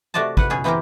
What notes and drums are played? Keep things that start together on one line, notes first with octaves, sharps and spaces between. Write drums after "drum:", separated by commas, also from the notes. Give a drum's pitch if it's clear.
C3 A3 F#4 D5 D#5 A5
B4 F#5, drum: kick
B2 C#4 G#4
E3 B3 C4 E4 G4 A#4